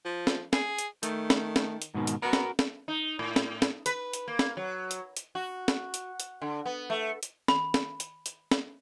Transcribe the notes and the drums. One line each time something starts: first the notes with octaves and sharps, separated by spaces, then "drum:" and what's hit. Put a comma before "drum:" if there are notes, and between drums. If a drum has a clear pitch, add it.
F3
drum: snare
G#4, drum: snare
drum: hi-hat
D#3 A3, drum: hi-hat
drum: snare
drum: snare
drum: hi-hat
G#2 B2 D#3
drum: hi-hat
B3 F#4 A#4
drum: snare
drum: snare
D#4
A2
drum: snare
drum: snare
B4, drum: hi-hat
drum: hi-hat
A#3
drum: snare
F#3
drum: hi-hat
drum: hi-hat
F#4
drum: snare
drum: hi-hat
drum: hi-hat
D3
B3
A3
drum: hi-hat
B5, drum: snare
drum: snare
drum: hi-hat
drum: hi-hat
drum: snare